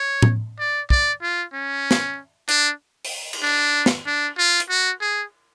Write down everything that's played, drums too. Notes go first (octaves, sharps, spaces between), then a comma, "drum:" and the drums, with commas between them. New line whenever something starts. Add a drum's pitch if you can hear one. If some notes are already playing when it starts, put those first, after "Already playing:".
Already playing: C#5
drum: tom A2
D5
D5, drum: kick
F4
C#4
drum: snare
D4, drum: hi-hat
drum: open hi-hat
drum: cymbal
D4
drum: snare
D4
F4
drum: hi-hat
F#4
G#4